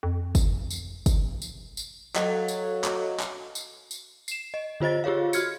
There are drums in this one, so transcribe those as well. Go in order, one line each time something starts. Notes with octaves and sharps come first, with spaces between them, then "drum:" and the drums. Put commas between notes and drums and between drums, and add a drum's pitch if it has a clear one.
F2
drum: kick, tambourine
drum: tambourine
drum: kick, tambourine
drum: tambourine
drum: tambourine
F#3 A4 D#5 F5, drum: clap
drum: tambourine
drum: clap
drum: clap
drum: tambourine
drum: tambourine
C7 E7, drum: tambourine
D#5
D3 F4 C5 D#5 A6
F4 G4 G#4 C#5 F5
F#4 F6 G#6 C#7, drum: tambourine